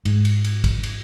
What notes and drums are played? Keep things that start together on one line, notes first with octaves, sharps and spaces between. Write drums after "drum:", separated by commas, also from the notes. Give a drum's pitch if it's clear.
G#2, drum: cymbal
drum: cymbal
drum: cymbal
drum: kick, cymbal
drum: cymbal